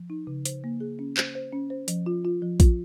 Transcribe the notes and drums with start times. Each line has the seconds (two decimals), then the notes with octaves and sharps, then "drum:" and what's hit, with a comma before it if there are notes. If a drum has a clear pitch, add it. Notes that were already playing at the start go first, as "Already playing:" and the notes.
Already playing: F3
0.10 D#4
0.27 C#3
0.45 C5, drum: hi-hat
0.64 A#3
0.81 G#4
0.99 C#4
1.17 C5, drum: clap
1.35 C5
1.53 C#4
1.70 C5
1.88 F3, drum: hi-hat
2.06 F4
2.25 F4
2.42 F3
2.60 F4, drum: kick A#1, hi-hat